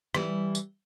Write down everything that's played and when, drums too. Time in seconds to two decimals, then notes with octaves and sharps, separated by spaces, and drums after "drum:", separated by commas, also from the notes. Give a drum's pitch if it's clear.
0.14 E3 G3, drum: rim click
0.55 drum: tambourine